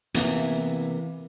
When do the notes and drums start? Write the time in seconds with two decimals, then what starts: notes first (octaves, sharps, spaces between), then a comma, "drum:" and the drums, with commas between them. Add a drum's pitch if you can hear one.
0.14 C3 E3 A#3 B3, drum: hi-hat